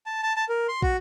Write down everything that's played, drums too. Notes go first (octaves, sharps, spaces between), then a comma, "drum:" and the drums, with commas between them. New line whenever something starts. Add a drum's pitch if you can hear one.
A5
A5
A5
A#4
C6
F#4, drum: kick